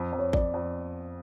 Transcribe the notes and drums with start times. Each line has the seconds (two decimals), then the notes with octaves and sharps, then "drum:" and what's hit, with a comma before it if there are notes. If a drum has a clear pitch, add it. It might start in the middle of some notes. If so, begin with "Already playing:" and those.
Already playing: F2
0.13 F2
0.19 C#5
0.33 F2 D5, drum: kick A1
0.54 F2